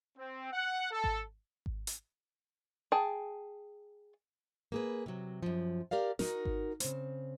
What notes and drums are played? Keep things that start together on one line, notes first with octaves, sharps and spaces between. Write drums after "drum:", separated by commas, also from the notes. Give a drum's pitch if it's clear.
C4
F#5
A4
drum: kick G#1
drum: kick G#1
drum: hi-hat
G#4 G5 A5
A#3 G#4 B4
C3 F#3
F#2 F3
G4 A#4 D5 F5
D#4 F#4 A#4, drum: snare
drum: kick G#1
C#3 C4, drum: hi-hat